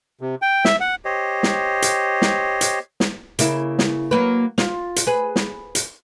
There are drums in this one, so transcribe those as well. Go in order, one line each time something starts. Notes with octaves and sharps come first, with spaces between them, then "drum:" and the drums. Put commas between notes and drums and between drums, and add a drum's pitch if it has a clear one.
C3
G5
E5, drum: snare
F#5
G4 C5 C#5 D#5
drum: snare
drum: hi-hat
drum: snare
drum: hi-hat
drum: snare
C#3 A#3 E4, drum: hi-hat
drum: snare
F#3 A#3 B4
F4, drum: snare
drum: hi-hat
G#4 B4
drum: snare
drum: hi-hat